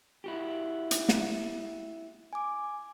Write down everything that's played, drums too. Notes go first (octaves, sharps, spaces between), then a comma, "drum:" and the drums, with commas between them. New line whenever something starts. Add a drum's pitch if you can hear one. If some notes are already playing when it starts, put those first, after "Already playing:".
E4 F#4 G4
drum: hi-hat
drum: snare
G#5 D6